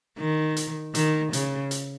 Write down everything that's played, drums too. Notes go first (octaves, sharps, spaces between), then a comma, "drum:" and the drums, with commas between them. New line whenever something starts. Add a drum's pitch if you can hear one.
D#3
drum: hi-hat
D#3, drum: hi-hat
C#3, drum: hi-hat
drum: hi-hat